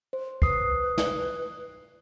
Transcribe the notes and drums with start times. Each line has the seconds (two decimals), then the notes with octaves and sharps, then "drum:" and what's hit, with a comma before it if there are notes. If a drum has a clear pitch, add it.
0.13 C5
0.42 B4 D#6 C7, drum: kick
0.98 drum: snare